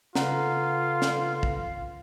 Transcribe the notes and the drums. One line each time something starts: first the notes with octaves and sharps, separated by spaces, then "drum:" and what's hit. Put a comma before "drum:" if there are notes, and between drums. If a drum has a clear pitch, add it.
C#3 F4 A4 B4 F5 F#5 A#5, drum: snare
drum: snare
drum: kick